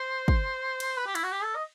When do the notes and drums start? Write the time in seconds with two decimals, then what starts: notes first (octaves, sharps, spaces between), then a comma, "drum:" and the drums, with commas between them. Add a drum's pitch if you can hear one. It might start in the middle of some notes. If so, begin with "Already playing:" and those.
Already playing: C5
0.28 drum: kick
0.80 drum: cymbal
0.97 B4
1.07 G4
1.15 E4, drum: cymbal
1.23 F#4
1.32 G4
1.44 A4
1.56 D#5